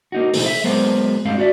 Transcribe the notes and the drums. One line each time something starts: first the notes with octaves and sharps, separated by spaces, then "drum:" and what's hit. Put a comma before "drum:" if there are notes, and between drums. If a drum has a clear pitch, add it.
A#3 D#4 F#4
B1 C3 E3 A3 D#4, drum: open hi-hat
E5
F#3 G#3 A#3 B3 C5
G2 G#3 A3 C4 F5
F#4 D5 E5